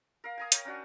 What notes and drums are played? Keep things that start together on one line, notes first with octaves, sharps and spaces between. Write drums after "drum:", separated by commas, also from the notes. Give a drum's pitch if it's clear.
A#4 F5
G#5 A#5 D#6
C#5 G5 A#5, drum: hi-hat
C#4 D4 F#4